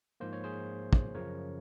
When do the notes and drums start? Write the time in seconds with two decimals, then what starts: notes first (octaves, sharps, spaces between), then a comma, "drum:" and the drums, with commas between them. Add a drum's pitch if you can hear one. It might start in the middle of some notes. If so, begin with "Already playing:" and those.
0.20 G#2 F3 A#3 C5
0.33 C#5
0.44 G#4 C5
0.93 drum: kick
1.15 F#2 C#3 F3 A#4 C#5